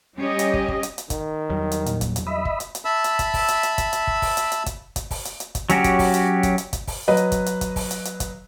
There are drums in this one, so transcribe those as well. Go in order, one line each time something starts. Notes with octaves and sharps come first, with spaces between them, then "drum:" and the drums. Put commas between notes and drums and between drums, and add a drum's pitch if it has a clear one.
G3 C#4 G4 D#5
drum: hi-hat
drum: kick
drum: kick
drum: hi-hat
drum: hi-hat
D#3, drum: kick, hi-hat
E2 F#3 G3
drum: hi-hat
A#2, drum: hi-hat
drum: kick, hi-hat
drum: hi-hat
D#5 E5 B5
drum: kick
drum: hi-hat
drum: hi-hat
E5 A5 B5 E6
drum: hi-hat
drum: kick, hi-hat
drum: kick, open hi-hat
drum: hi-hat
drum: hi-hat
drum: kick, hi-hat
drum: hi-hat
drum: kick
drum: kick, open hi-hat
drum: hi-hat
drum: hi-hat
drum: kick, hi-hat
drum: kick, hi-hat
drum: kick, open hi-hat
drum: hi-hat
drum: hi-hat
drum: kick, hi-hat
F#3 C#4 F#4 G4, drum: hi-hat
drum: kick, hi-hat
drum: kick, open hi-hat
drum: hi-hat
drum: kick, hi-hat
drum: hi-hat
drum: kick, hi-hat
drum: kick, open hi-hat
F#3 B4 D#5
drum: hi-hat
drum: kick, hi-hat
drum: hi-hat
drum: kick, hi-hat
drum: kick, open hi-hat
drum: hi-hat
drum: hi-hat
drum: kick, hi-hat